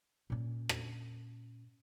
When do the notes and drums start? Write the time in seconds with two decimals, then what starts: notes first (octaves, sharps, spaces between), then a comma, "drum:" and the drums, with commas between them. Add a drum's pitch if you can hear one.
0.30 A#2 C#4
0.69 drum: rim click